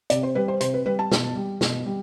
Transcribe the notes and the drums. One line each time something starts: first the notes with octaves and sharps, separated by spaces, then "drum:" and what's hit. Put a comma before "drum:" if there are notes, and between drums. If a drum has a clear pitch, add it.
C3 D5, drum: hi-hat
C5
G3 B4
C5
C3 C5, drum: hi-hat
B4
G3 B4
A5
B2, drum: snare
G3
B2, drum: snare
G3